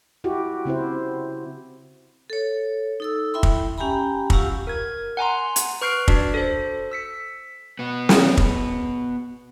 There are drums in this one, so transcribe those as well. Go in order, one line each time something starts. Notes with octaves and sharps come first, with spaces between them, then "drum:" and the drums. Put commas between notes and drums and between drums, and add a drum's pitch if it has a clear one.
E4 F#4 G4
C#3 C4 E4 C5
A4 C#5
D#4 A4 E6
E4 E5 G5 B5 C6
drum: kick
C#4 G4 G5 G#5 A#5 B5
F4 G4 F5 F#5 C#6 E6, drum: kick
A#4 G#6
F#5 G#5 A#5 C6
drum: hi-hat
B4 C#6 F6 G6 C7 D7
D4 F#4 D5, drum: kick
A4 C5
E6 B6 C#7
B3 F#4
drum: snare
drum: kick